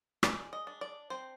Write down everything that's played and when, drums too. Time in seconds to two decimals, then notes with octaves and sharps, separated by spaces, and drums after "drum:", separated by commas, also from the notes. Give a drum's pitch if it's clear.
0.23 G#3 D5, drum: rim click
0.53 D#5
0.67 D4
0.81 D5
1.10 C4 C5